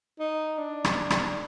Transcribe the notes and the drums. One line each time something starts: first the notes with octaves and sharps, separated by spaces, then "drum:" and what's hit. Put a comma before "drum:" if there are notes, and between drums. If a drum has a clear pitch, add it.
D#4
D4
drum: rim click
drum: rim click